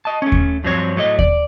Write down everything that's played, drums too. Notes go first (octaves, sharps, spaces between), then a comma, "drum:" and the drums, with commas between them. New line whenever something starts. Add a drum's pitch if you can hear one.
D#5 A5
A3 C#4
drum: kick D#2
G2 F3 F#3 C4 C#5
A2 F#3 A3 C#5 D#5
D5, drum: kick D#2